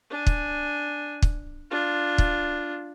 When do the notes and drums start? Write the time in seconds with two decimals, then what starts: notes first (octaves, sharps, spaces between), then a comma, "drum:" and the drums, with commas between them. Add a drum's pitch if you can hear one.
0.11 D4 G#5
0.27 drum: kick
1.22 drum: kick
1.71 D4 F4
2.18 drum: kick